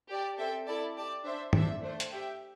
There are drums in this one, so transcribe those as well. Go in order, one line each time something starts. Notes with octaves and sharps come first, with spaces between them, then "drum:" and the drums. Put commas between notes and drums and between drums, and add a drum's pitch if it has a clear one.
G4 D5 A5
C4 A4 E5 G5
E4 A4 D5 A5
G4 D5 A5
D4 C5 E5
D4 C5 E5, drum: tom
A3 D4 C5
drum: hi-hat
G4 E5 G5